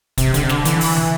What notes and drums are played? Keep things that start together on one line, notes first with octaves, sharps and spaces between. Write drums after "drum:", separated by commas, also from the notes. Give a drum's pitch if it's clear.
C3, drum: kick, hi-hat
D3, drum: hi-hat
C3
D3, drum: snare
E3, drum: hi-hat
drum: open hi-hat
drum: tom